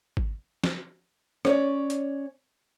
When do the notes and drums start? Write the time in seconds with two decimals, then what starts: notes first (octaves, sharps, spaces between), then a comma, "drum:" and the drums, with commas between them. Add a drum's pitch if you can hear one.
0.17 drum: kick G#1
0.64 drum: snare
1.45 C#4 C#5 D5, drum: rim click
1.90 drum: hi-hat